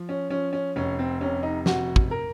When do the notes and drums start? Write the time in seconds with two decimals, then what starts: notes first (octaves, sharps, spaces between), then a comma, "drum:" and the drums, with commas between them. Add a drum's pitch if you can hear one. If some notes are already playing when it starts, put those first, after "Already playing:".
Already playing: F3
0.09 C#4
0.30 F3 C#4
0.53 C#4
0.76 F1 C#4
0.99 C4
1.21 C3 C#4
1.43 D#4
1.66 F1 F#4, drum: snare
1.96 drum: kick
2.11 A#4